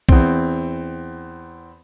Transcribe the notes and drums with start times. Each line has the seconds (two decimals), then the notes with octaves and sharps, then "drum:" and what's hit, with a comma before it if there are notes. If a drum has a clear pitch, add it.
0.09 E2 C4, drum: kick B1